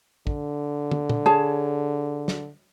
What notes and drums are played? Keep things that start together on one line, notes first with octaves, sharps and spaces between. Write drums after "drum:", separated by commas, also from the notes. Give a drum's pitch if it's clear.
D3, drum: kick
drum: tom
drum: tom
G#4 C#5 A5
drum: snare